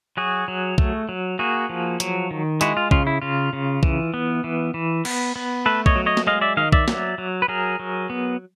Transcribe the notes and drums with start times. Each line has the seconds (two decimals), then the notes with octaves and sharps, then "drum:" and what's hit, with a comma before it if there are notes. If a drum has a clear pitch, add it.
0.17 F#3 F#4 G#4
0.48 F#3
0.78 A3, drum: kick B1
1.09 F#3
1.39 A#3 F#4 G#4
1.70 F3
2.00 F#3, drum: hi-hat
2.31 D#3
2.61 G#3 E4 F#4, drum: hi-hat
2.77 F4
2.91 C#3 F4, drum: kick B1
3.07 E4
3.22 C#3 F4
3.53 C#3
3.83 E3, drum: kick B1
4.14 B3
4.44 E3
4.74 E3
5.05 B3, drum: cymbal
5.36 B3
5.66 A3 A4 B4
5.86 C#5 D#5, drum: kick B1
5.96 F#3
6.06 C#5 D#5
6.17 drum: snare
6.27 G#3 D#5 F5
6.41 D5 E5
6.57 D#3 D#5 F5
6.72 D5 E5, drum: kick B1
6.88 F#3, drum: snare
7.18 F#3
7.42 B4
7.48 F#3 G#4 A#4
7.79 F#3
8.10 B3